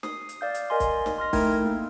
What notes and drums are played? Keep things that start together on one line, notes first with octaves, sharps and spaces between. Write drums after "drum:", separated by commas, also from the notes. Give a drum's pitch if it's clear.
D#6 C7, drum: snare
drum: hi-hat
D5 F5 G6
drum: hi-hat
A#4 D#5 G#5 C6
drum: kick, hi-hat
drum: snare
C6 F6 A#6
A3 D#4 E4 A#4 G5 G#6, drum: kick, open hi-hat
A#3 E4